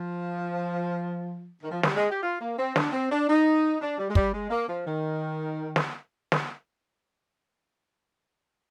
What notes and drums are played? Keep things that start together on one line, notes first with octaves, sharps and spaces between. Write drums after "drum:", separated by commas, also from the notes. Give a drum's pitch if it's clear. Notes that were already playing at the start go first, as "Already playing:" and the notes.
Already playing: F3
D#3
F3
G3, drum: snare
G#3
G4
F4
A#3
C4
D4, drum: snare
C4
D4
D#4
D4
G3
G#3
G3, drum: kick
G#3
A#3
F3
D#3
drum: snare
drum: snare